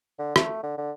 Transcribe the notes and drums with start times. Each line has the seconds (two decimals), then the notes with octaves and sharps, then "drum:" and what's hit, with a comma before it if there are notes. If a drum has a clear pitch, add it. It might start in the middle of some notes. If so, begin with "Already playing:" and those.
0.19 D3
0.36 A3, drum: rim click
0.63 D3
0.77 D3